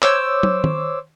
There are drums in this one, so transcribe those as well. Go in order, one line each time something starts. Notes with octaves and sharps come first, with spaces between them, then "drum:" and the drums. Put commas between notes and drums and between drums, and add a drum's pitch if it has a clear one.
C5 C#5 D6 E6, drum: clap
drum: tom
drum: tom D#3